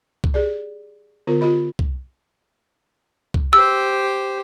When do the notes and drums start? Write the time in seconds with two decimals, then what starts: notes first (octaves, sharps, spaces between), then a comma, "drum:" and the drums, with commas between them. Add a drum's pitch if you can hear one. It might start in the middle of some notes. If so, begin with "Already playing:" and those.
0.24 drum: kick
0.34 G4 G#4 D5
1.27 D3 B3 F4 A#4
1.41 F4 G4 D#5 B5
1.79 drum: kick
3.34 drum: kick
3.53 G4 C5 E6